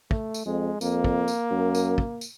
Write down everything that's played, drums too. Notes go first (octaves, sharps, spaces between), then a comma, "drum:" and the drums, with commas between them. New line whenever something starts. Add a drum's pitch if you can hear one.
A3, drum: kick
drum: tambourine
F2 G#3
F2 A#3, drum: tambourine
drum: kick
drum: tambourine
F#2
drum: tambourine
drum: kick
drum: tambourine